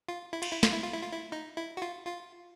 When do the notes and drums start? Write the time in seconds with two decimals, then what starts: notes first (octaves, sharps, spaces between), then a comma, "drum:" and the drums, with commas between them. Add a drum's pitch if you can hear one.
0.09 F4
0.33 E4
0.43 F4, drum: cymbal
0.53 E4
0.63 F4, drum: snare
0.73 E4
0.83 F4
0.93 E4
1.02 F4
1.12 E4
1.32 D#4
1.57 E4
1.77 F#4
1.82 F4
2.07 F4